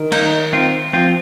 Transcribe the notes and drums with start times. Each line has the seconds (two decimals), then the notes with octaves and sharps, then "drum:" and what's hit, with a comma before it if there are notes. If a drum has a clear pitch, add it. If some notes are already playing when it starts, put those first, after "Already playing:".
Already playing: D#3
0.12 A#3 D#4, drum: cymbal
0.53 C4 F4
0.93 F3 C4 F4